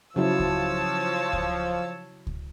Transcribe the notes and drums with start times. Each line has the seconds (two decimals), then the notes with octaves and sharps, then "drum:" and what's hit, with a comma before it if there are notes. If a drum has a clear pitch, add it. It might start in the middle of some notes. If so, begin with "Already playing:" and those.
0.16 C#3 F3 F#3 E4 C#5 A5 E6
0.39 drum: kick C#2
1.33 drum: kick C#2
2.27 drum: kick C#2